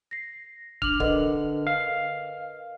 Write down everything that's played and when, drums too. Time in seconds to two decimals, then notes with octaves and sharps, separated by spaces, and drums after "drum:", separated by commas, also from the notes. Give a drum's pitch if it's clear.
0.11 A#6 C7
0.82 D4 D6 F6 F#7, drum: kick
1.00 D3 A#4 B4 D#5, drum: kick
1.67 F5